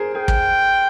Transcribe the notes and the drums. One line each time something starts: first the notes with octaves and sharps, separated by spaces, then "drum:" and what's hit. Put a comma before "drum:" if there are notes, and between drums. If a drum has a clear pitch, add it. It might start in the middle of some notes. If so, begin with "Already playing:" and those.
Already playing: G#4 A#4 C5
G#4 G5
drum: kick